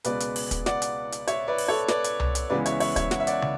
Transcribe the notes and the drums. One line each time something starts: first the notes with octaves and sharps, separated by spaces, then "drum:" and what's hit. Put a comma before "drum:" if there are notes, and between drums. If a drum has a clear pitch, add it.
C#2 B2 G#3 B3 B4 D5, drum: hi-hat
drum: hi-hat
drum: open hi-hat
drum: kick, hi-hat
D5 F#5, drum: snare
drum: hi-hat
drum: hi-hat
C#5 E5, drum: hi-hat
B4 D5
drum: open hi-hat
A4 C#5
B4 D5, drum: snare
drum: hi-hat
drum: tom C2
drum: hi-hat
C#2 C#3 E3 G#3 B3 B4 D5
C#5 E5, drum: hi-hat
C#5 E5, drum: open hi-hat
C#5 E5, drum: kick, hi-hat
F#5, drum: snare
E5
D5 F#5, drum: hi-hat
drum: tom